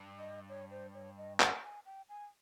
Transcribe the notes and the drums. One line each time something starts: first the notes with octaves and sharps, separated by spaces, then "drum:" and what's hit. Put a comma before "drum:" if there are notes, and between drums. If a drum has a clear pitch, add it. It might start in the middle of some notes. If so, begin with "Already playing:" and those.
Already playing: G2
D#5
C#5
C5
C#5
D#5
G#5, drum: clap
G#5
G5
G#5